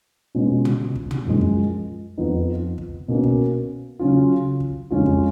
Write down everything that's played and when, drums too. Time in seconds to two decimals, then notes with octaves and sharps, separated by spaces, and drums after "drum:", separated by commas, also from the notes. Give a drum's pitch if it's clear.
0.35 B2 G#3 C#4 F4
0.65 drum: tom
0.96 drum: kick
1.11 drum: tom
1.26 F#2 F3 G#3
1.41 drum: kick
2.18 F2 F3 B3 D#4
2.78 drum: kick
3.08 B2 A#3 C#4 F#4
3.24 drum: kick
3.99 C#3 F#3 C#4 F4
4.60 drum: kick
4.90 F2 C#3 G#3 C#4 F4
5.06 drum: kick